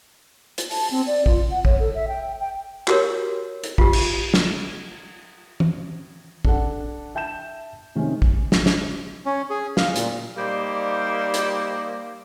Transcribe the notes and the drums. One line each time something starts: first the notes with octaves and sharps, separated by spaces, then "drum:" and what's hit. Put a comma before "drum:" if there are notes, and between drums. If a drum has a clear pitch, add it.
drum: hi-hat
A5, drum: open hi-hat
C4
D5
F4, drum: kick
F#5
C#5, drum: kick
A4
E5
G5
G5
F#4 G4 A#4 C#5, drum: clap
drum: hi-hat
F4 G4, drum: kick
drum: cymbal
drum: snare
drum: tom E3
D4 A4 F#5, drum: kick
E5 G5 A5 G6 E7
C3 D#3 G#3 C#4
drum: kick
drum: snare
drum: snare
C#4
G#4
F5, drum: snare
A#2, drum: hi-hat
G3 A#3 D#4 C5 D5
drum: hi-hat